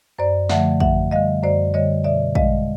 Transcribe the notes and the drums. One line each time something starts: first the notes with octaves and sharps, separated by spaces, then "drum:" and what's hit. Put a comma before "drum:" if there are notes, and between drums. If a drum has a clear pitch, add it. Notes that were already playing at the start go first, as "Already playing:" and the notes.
F#2 C5 D5
D3 F3 A3 E5 F#5, drum: snare
F#2 E5 F#5, drum: kick
D3 G3 D#5 F5
F#2 C5 D5
D3 G3 C#5 D#5
B2 D5 E5
G#3 D#5 F5, drum: kick